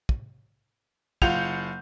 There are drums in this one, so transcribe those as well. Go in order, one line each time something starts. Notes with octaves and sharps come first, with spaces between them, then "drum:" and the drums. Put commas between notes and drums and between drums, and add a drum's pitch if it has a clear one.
drum: kick
F#1 F4 F#5 G6 F7, drum: kick